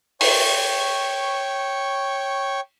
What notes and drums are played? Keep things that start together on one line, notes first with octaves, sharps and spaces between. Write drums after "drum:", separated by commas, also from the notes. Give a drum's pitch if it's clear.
C#5 G5 C#6, drum: open hi-hat